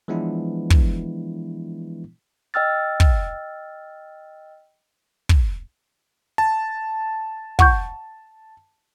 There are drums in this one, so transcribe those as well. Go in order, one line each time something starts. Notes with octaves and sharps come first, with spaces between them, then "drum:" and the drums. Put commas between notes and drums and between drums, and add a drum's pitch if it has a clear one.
E3 F3 G#3 B3 D4 E4
drum: kick
D#5 G5 E6 F6 A6
drum: kick
drum: kick
A5
F#5 C#6 G6, drum: kick